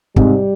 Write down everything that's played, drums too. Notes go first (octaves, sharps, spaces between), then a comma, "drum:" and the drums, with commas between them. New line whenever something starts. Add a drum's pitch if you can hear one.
G#2 C3 G3, drum: kick